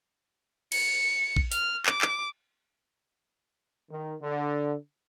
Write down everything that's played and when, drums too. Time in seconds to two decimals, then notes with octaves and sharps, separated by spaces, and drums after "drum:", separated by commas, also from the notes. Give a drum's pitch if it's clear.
0.72 C#7, drum: cymbal
1.36 drum: kick A#1
1.52 F6, drum: hi-hat
1.86 D6, drum: clap
2.02 drum: clap
3.90 D#3
4.21 D3